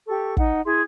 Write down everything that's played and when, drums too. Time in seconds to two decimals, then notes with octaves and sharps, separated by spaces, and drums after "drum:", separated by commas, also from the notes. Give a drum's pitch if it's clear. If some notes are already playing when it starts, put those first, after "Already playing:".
0.07 G4 A4 C#6
0.37 D#4 F#5, drum: kick
0.64 E4 G#4 C6